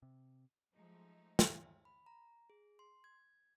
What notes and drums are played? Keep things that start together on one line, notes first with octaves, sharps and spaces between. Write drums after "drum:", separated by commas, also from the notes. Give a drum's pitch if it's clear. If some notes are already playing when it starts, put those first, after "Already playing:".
C3
F3 F#3 G#3 A3 D#4
drum: snare
B5
A#5
G#4
C6
G#6